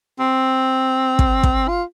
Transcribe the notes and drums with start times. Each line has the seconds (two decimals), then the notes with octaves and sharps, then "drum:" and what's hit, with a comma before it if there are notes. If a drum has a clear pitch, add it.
0.19 C4
1.19 drum: kick
1.43 drum: kick
1.68 F4